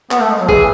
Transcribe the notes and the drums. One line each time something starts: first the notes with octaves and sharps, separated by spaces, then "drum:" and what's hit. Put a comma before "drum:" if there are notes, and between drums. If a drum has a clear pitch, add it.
B3, drum: clap
A3
G#3
F#3
E3 G#4, drum: kick